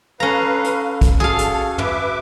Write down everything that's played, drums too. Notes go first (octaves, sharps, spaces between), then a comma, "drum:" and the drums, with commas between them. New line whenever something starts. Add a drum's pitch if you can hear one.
C#4 A4 B4 F5 A#5
drum: hi-hat
drum: kick, hi-hat
F#4 G#4 A4 F5
drum: hi-hat
B4 E5 D6, drum: tom